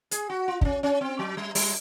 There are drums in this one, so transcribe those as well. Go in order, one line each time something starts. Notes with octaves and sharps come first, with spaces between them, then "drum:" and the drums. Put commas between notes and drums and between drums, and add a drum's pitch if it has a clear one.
G#4, drum: hi-hat
F#4
F4
D4, drum: kick
C#4
C#4
C4
F#3
G3
G3, drum: open hi-hat